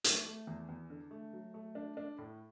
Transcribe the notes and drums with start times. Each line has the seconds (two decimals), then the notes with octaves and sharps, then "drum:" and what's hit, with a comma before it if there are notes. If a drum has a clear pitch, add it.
0.04 A3, drum: hi-hat
0.26 A3
0.47 E2
0.69 E2
0.90 D3
1.11 A3
1.33 F#3
1.54 A3
1.75 D4
1.97 D4
2.18 A2